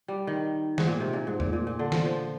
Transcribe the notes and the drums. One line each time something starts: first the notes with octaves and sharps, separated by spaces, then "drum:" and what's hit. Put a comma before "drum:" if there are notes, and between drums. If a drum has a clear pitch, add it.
G3
D#3
G#2, drum: snare
A#2
C3
A#2
G#2
A#2, drum: tom E2
A#2
A#2
D3
F3, drum: snare
F3